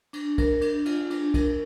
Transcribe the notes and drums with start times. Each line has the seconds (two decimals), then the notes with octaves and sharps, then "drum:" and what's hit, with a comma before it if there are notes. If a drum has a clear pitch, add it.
0.13 D4, drum: cymbal
0.38 A#4, drum: kick, cymbal
0.61 D4, drum: cymbal
0.86 F4, drum: cymbal
1.10 D4, drum: cymbal
1.34 A#4, drum: kick, cymbal